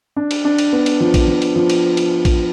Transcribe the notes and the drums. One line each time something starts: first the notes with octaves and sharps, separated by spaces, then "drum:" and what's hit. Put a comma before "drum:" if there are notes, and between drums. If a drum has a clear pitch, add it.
D4
drum: cymbal
D4
drum: cymbal
B3
drum: cymbal
F3
drum: kick, cymbal
F3
drum: cymbal
F3
drum: cymbal
drum: cymbal
drum: kick, cymbal